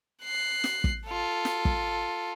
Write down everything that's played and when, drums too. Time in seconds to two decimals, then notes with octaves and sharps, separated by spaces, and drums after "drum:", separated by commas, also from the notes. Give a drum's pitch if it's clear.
0.23 F#6 C7
0.64 drum: snare
0.84 drum: kick
1.07 F4 A4
1.45 drum: snare
1.65 drum: kick